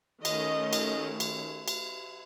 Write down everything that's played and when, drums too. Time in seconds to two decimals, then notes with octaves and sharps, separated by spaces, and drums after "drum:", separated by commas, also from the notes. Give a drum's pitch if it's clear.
0.25 D#3 A3 C#4 D#5, drum: cymbal
0.73 drum: cymbal
1.20 drum: cymbal
1.68 drum: cymbal